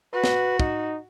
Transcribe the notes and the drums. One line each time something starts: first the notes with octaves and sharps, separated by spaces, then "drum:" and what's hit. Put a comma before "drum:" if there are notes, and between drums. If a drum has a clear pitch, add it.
F#4 B4
drum: snare
D#4, drum: kick